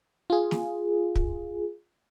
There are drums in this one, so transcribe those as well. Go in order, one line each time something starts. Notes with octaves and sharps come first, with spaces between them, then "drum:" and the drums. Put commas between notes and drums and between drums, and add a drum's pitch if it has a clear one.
F4 G#4
drum: snare
drum: kick